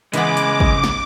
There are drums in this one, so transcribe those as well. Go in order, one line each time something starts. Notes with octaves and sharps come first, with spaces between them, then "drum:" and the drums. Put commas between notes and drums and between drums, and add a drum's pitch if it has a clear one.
C#3 E3 G#3 B3 B4 D6, drum: hi-hat
drum: hi-hat
drum: kick
drum: snare